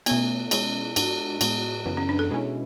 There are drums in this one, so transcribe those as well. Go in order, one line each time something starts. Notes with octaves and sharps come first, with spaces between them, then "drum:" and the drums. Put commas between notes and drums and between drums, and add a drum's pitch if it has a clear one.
B2 A3 B3 C#4, drum: cymbal
B2 G#3 C#4 E4, drum: cymbal
G#2 G#3 D4 F#4, drum: cymbal
A2 G#3 B3 F#4, drum: cymbal
F#2 C#3 E3 B3
C#4
D4
A4
B2 G#3 C#4 E4